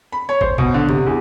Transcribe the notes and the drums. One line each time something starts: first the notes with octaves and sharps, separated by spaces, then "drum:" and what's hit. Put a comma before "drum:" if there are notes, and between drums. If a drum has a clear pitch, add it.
B5
C#5
C5, drum: kick
B2, drum: kick
D3
C3, drum: tom G#2
E2